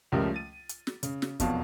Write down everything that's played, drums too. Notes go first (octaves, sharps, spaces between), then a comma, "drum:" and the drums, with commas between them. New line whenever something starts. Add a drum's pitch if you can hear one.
C#2 C#3 F3 G3 A3 A#4
A6 D#7
drum: hi-hat
drum: snare
C#3, drum: hi-hat
drum: snare
E1 B1 F2 B2 F5 A5, drum: kick, hi-hat